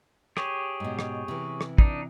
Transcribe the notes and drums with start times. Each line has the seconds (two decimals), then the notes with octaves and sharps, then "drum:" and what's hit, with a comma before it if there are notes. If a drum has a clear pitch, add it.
0.37 G4 G#4 C#5, drum: rim click
0.80 G#2 B2
0.99 drum: rim click
1.28 C3 E3
1.61 drum: rim click
1.78 D4 D#4, drum: kick